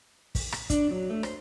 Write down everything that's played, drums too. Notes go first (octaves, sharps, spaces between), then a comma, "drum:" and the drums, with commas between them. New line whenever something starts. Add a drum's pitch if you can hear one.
drum: kick, open hi-hat
drum: rim click
D4, drum: kick, hi-hat
F#3
A3
C5, drum: rim click